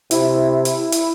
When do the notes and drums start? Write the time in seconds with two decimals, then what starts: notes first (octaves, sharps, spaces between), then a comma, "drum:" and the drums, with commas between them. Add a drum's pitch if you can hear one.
0.11 C3 E4, drum: hi-hat
0.65 drum: hi-hat
0.92 drum: hi-hat